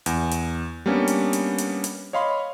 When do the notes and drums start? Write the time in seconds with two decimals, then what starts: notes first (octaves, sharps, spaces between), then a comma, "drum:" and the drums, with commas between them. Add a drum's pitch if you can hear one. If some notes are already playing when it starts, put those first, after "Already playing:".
0.06 E2, drum: hi-hat
0.31 drum: hi-hat
0.86 G3 A#3 B3 C#4 D4
1.08 drum: hi-hat
1.33 drum: hi-hat
1.58 drum: hi-hat
1.84 drum: hi-hat
2.13 C#5 D#5 F5 B5 C6